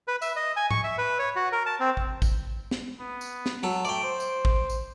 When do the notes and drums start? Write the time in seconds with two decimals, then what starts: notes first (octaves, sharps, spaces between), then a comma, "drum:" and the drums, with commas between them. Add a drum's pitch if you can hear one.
0.08 B4
0.22 E5, drum: tambourine
0.36 D#5
0.56 G#5
0.71 C#6, drum: tom G#2
0.84 E5
0.98 B4
1.19 C#5
1.36 F#4
1.52 A#4
1.66 A5
1.80 C4
1.97 drum: kick A1
2.22 drum: kick A1, tambourine
2.71 drum: snare
3.00 B3
3.21 drum: tambourine
3.46 drum: snare
3.63 F#3 A4
3.85 A3 D5 G5
4.03 C5
4.20 drum: tambourine
4.45 drum: kick A1
4.70 drum: tambourine